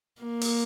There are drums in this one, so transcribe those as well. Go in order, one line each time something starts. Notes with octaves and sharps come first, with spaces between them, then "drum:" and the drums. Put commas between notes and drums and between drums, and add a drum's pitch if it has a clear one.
A#3
drum: open hi-hat